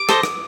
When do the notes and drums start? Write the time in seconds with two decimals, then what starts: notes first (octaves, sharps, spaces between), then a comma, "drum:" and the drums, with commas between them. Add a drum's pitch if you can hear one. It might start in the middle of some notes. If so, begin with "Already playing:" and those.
Already playing: D6
0.09 A4 C5 D#5, drum: rim click
0.23 drum: rim click